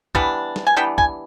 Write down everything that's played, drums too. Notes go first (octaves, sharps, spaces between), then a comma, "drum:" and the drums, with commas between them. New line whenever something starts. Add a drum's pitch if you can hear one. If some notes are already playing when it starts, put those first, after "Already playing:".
E3 G3 B3 D4, drum: kick
drum: snare
G#5
E3 G3 B3 D4 G5
G#5, drum: kick